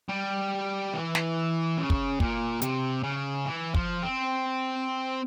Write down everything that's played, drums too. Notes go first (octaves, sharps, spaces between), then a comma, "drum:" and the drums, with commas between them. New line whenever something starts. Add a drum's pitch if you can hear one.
G3
E3
drum: snare
C#3
drum: kick
A#2, drum: kick
C3, drum: hi-hat
C#3
E3
F3, drum: kick
C4